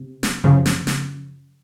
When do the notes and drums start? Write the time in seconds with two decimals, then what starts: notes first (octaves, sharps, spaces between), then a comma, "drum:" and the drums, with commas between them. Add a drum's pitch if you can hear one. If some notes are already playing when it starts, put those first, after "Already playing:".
Already playing: C3
0.23 drum: snare
0.44 F#2 C#3 F3
0.66 drum: snare
0.87 drum: snare